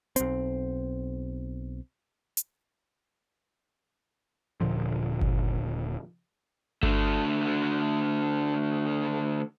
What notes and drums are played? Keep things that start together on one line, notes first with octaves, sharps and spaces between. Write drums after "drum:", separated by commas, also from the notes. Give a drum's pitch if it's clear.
B1 C4, drum: hi-hat
drum: hi-hat
D#1 A#2 D3 F3
drum: kick G1
D3 A3, drum: kick G1